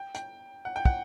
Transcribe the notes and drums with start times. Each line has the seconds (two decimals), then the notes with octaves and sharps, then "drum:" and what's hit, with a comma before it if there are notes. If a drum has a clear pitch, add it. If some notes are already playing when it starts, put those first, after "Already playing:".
Already playing: G5
0.15 G5, drum: hi-hat
0.65 F#5
0.76 G5
0.85 F#5, drum: kick